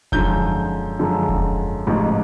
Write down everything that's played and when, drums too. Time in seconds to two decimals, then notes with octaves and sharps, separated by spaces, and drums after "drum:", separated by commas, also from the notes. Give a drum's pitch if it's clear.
0.12 F#2 D3 F3 G#3 G6, drum: kick E1
0.99 F#2 D3 F3 G#3
1.29 drum: kick E1
1.87 A1 G#2 F3